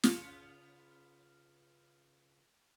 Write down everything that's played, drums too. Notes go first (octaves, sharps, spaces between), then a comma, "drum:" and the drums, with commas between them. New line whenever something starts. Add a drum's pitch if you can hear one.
C#3 B3 F4, drum: snare